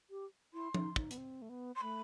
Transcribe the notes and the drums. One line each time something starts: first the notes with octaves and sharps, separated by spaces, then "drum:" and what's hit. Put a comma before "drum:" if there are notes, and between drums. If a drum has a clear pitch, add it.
G4
E4 C6
D#4, drum: tom F3
D#4, drum: kick
B3, drum: hi-hat
C4
A3
B3
C6
A3 B5